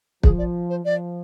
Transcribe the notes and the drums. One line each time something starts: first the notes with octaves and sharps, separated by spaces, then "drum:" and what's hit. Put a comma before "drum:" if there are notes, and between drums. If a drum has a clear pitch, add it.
F3 G#4, drum: kick
D5
C5
F3 D5